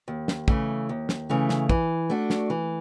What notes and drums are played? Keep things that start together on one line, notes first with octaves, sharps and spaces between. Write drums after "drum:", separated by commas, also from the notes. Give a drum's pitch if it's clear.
D#2
drum: snare
C#3 E3 A3, drum: kick
D#2
drum: snare
C#3 E3 A3
drum: snare
E3, drum: kick
A3 D4 F#4
drum: snare
E3